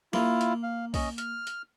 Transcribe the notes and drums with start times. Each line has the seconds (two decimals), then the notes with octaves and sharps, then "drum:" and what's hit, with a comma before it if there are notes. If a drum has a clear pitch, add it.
0.13 A#3 E4 F4, drum: snare
0.41 drum: hi-hat
0.63 F5
0.94 C#4 D#5, drum: kick B1, open hi-hat
1.18 F6, drum: hi-hat
1.47 drum: hi-hat